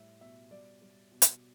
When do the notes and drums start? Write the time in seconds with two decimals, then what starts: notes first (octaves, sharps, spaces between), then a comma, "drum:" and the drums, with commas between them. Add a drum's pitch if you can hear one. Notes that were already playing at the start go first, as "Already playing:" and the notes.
Already playing: A2 G3 E5
0.21 B2 E5
0.51 G3 D5
0.82 G3
1.12 B2
1.22 drum: hi-hat